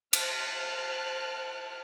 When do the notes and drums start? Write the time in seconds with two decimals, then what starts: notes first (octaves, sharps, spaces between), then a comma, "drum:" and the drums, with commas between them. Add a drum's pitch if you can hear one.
0.13 C5 A5 F6 F#6, drum: cymbal